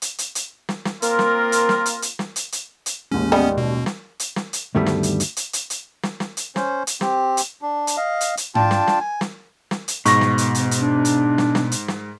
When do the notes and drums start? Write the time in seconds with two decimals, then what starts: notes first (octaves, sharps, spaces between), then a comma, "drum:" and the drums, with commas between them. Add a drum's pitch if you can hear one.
0.02 drum: hi-hat
0.18 drum: hi-hat
0.35 drum: hi-hat
0.69 drum: snare
0.85 drum: snare
1.02 A#3 C4 F4 A#4, drum: hi-hat
1.19 drum: snare
1.52 drum: hi-hat
1.69 drum: snare
1.86 drum: hi-hat
2.02 drum: hi-hat
2.19 drum: snare
2.36 drum: hi-hat
2.52 drum: hi-hat
2.86 drum: hi-hat
3.11 A1 D#2 G#3 C#4
3.32 G3 B3 C#4 D#5
3.57 B2
3.86 drum: snare
4.20 drum: hi-hat
4.36 drum: snare
4.53 drum: hi-hat
4.75 D2 G2 D#3 G3 A3 B3
4.86 drum: snare
5.03 drum: hi-hat
5.20 drum: hi-hat
5.37 drum: hi-hat
5.53 drum: hi-hat
5.70 drum: hi-hat
6.03 drum: snare
6.20 drum: snare
6.37 drum: hi-hat
6.56 C#4 C5, drum: snare
6.87 drum: hi-hat
7.01 C4 G4, drum: snare
7.37 drum: hi-hat
7.62 D4
7.87 drum: hi-hat
7.97 D#5 F5
8.21 drum: hi-hat
8.37 drum: hi-hat
8.55 D4 F4 G5 A5, drum: tom G#2
8.71 drum: snare
8.87 drum: snare
9.00 G#5
9.21 drum: snare
9.71 drum: snare
9.88 drum: hi-hat
10.05 G#2 B2 C#6 A#6, drum: hi-hat
10.21 drum: snare
10.38 drum: hi-hat
10.55 drum: hi-hat
10.71 drum: hi-hat
10.81 D4
11.05 drum: hi-hat
11.38 drum: snare
11.55 drum: snare
11.72 drum: hi-hat
11.88 drum: snare